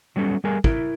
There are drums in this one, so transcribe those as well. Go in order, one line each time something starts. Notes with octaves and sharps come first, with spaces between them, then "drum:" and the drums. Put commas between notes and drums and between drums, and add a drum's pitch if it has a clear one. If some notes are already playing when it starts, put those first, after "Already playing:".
F#3 G3 B3 C#4 A4
G3 A3 G#4 A#4 G#5
E4 A#4, drum: kick